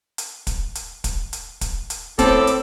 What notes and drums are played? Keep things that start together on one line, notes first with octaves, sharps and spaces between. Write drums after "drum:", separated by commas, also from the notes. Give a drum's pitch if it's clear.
drum: hi-hat
drum: kick, hi-hat
drum: hi-hat
drum: kick, hi-hat
drum: hi-hat
drum: kick, hi-hat
drum: hi-hat
A2 C4 A4 D6 E6, drum: kick, hi-hat
drum: hi-hat